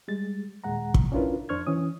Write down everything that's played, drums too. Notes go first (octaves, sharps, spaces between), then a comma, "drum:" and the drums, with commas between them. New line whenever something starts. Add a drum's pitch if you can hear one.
G3 G#3 A6
D#2 A#2 G#3 F#5 A#5
drum: kick
C#4 D4 E4 F4 A#4 B4
F2 D4 C5 C#6 F6 G#6
E3 C#4 D#6